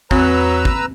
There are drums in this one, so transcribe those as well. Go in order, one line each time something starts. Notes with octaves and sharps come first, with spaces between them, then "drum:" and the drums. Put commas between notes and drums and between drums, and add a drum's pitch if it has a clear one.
E2 F#3 C4 B4 A#5 E6, drum: kick
drum: kick